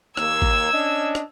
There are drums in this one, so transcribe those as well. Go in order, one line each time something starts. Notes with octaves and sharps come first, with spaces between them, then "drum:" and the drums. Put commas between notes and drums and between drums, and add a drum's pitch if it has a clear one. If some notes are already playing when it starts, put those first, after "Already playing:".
D#2 A#3 E6 G#6, drum: rim click
drum: kick A1
C#4 D4 D#5
drum: rim click